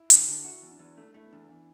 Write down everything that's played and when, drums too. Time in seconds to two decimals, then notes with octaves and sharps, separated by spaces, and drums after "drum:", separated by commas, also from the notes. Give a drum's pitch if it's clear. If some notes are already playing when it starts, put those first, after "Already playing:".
Already playing: E4
0.10 D3 F#4, drum: hi-hat
0.27 D3 F#4
0.45 E4 F#4
0.62 E2
0.72 D4
0.79 E2
0.97 A3 D4
1.14 A3 E4
1.26 B3
1.32 E2 D4
1.49 E3